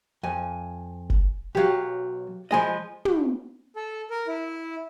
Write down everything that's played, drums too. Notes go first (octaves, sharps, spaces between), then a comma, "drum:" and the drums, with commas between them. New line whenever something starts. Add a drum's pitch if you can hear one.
F2 G#5
drum: kick F#1
B1 F#3 G4 F5
F3 G#3 G#4 D#5 G#5 B5
drum: tom
A4
A#4
E4